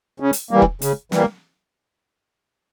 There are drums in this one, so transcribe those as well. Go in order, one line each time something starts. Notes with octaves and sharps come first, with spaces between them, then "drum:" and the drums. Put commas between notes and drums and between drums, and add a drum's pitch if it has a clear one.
C#3
drum: hi-hat
E3 G3 A#3
drum: kick E1
C#3, drum: hi-hat
E3 G3 A#3, drum: snare